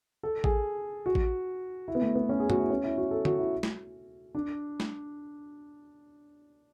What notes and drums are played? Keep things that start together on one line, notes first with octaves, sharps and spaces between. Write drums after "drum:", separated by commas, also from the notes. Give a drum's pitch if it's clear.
A4
G#4, drum: kick A1
F#4
drum: kick A1
E4
B3
A3
B3
C#4
G#4
F#4, drum: tom
E4
C#4
E4
F#4
A4
F#4, drum: tom D3
E4
drum: snare A3
D4
drum: snare A3